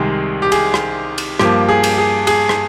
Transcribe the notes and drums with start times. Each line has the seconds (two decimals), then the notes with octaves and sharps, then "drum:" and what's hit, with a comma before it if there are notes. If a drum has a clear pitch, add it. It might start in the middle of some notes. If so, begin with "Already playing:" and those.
Already playing: C2 C3 D#3 G#3 G#4
0.42 G4
0.52 G#4, drum: cymbal
0.74 drum: rim click
1.18 drum: cymbal
1.39 G2 F3 A#3 G4, drum: rim click
1.69 G#4
1.84 drum: cymbal
1.98 G#4
2.27 G#4, drum: cymbal
2.49 drum: rim click